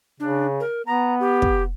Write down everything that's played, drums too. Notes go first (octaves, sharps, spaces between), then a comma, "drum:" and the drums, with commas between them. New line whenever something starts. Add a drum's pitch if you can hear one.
C#3 D4
A#4
B3 A#5
G4
drum: kick